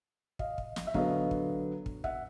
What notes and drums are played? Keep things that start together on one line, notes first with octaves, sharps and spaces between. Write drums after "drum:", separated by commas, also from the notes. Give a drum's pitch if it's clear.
D#5 F5, drum: kick
drum: kick
drum: snare
E5
D3 F#3 B3 D#5 F5, drum: kick
drum: kick
drum: kick
E5 F#5, drum: kick